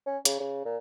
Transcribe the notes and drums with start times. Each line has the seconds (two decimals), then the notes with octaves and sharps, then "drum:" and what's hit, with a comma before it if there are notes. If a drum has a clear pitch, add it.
0.06 C#4
0.25 C#3, drum: hi-hat
0.40 C#3
0.65 A#2